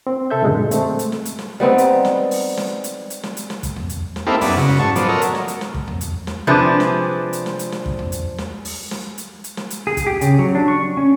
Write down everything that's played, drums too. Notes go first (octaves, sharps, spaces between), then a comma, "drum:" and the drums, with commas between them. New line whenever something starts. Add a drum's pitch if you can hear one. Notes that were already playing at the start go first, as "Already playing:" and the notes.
C4
C3 A4 E5 G6
F#2 A#2 D3 G#3
A3 C4, drum: hi-hat
drum: hi-hat
drum: snare
drum: hi-hat
drum: snare
G3 B3 C4 D#4
drum: hi-hat
drum: snare
drum: open hi-hat
drum: snare
drum: hi-hat
drum: hi-hat
drum: snare
drum: hi-hat
drum: snare
drum: kick, hi-hat
drum: tom E2
drum: hi-hat
drum: snare
A#3 C4 D#4 E4 G4 A4
F#2 B3 E4 D5, drum: open hi-hat
C#3 F#4
drum: snare
G#2 A5 C#6
F3 F#3 B3 D5, drum: hi-hat
F#4 A4 A#4 C#5 D#5
drum: hi-hat
drum: snare
drum: hi-hat
drum: snare
drum: kick
drum: tom E2
drum: hi-hat
drum: snare
C3 F3 D4 G#4 B4
drum: snare
drum: hi-hat
drum: snare
drum: hi-hat
drum: snare
drum: kick
drum: tom E2
drum: hi-hat
drum: snare
drum: open hi-hat
drum: snare
drum: hi-hat
drum: hi-hat
drum: snare
drum: hi-hat
G#4
drum: kick, hi-hat
G4
C#3, drum: hi-hat
F#3
D4
C#6
C#4